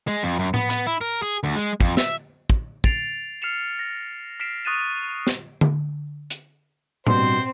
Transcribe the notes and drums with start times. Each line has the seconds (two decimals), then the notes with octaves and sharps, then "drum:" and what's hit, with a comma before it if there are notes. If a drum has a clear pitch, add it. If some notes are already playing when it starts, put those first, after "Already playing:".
0.08 G#3
0.23 F2
0.39 F#2
0.54 B3, drum: tom A2
0.70 B3, drum: hi-hat
0.86 E4
1.01 A#4
1.22 G#4
1.43 D2
1.56 G#3
1.81 F2, drum: kick
1.97 E5, drum: snare
2.50 drum: kick
2.84 A6 C7 D7 F7, drum: kick
3.42 F6 C7 C#7 E7 F7
3.79 A#6
4.40 F6 B6 C7 D7 E7
4.65 C#6 D#6 F#6 A6 D#7 E7
5.27 drum: snare
5.61 drum: tom D3
6.30 drum: hi-hat
7.07 G2 B2 C4 C5 C6, drum: tom A2